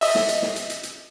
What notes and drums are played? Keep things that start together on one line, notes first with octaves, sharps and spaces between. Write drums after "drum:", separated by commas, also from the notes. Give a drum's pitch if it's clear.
D#5 E5, drum: open hi-hat
drum: snare
drum: hi-hat
drum: snare
drum: hi-hat
drum: hi-hat
drum: hi-hat